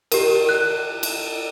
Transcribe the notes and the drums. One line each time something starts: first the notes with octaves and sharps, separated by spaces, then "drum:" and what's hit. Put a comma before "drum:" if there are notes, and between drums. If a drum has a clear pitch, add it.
G4 A#4, drum: cymbal
F#6
drum: cymbal